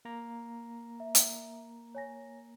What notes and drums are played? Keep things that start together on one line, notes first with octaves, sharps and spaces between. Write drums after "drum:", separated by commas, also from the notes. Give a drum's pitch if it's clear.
A#3 A#5
E5
drum: hi-hat
C#5 G#5 A#6